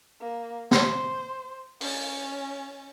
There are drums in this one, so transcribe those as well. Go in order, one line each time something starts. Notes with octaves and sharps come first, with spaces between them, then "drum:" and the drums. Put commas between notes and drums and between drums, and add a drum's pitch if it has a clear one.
A#3
C5, drum: snare
C#4, drum: open hi-hat